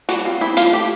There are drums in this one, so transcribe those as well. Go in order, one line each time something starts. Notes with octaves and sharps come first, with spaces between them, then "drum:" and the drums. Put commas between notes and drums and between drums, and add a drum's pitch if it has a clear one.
G3 F#4, drum: hi-hat
C4 F4
C4 E4
F3 F4, drum: hi-hat
A3 G4